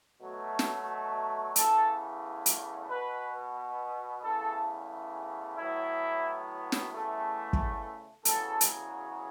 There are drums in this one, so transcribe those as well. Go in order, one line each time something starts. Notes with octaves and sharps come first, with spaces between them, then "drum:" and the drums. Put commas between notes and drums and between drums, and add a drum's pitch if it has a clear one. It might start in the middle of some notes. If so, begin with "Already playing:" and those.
B2 F#3 A3
drum: snare
E2 C#3 A3 A4, drum: hi-hat
drum: hi-hat
B2 B3 B4
E2 C#3 A3 A4
A2 F#3 B3 E4
drum: snare
E2 C#3 A3
drum: kick
E2 C#3 F#3 A4, drum: hi-hat
drum: hi-hat